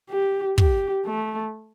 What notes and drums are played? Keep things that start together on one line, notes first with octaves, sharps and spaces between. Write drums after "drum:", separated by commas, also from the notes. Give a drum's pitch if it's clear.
G4
G4, drum: kick
A3